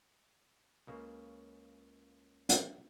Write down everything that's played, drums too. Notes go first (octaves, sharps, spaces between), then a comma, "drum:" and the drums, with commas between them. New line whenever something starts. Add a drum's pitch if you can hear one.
C#2 C#3 A#3
drum: hi-hat